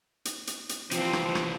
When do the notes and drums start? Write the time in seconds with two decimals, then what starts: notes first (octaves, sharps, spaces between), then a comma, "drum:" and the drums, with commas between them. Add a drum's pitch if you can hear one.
0.25 drum: hi-hat
0.47 drum: hi-hat
0.69 drum: hi-hat
0.91 C3 E3 F3 C4, drum: hi-hat
1.13 drum: rim click
1.35 drum: rim click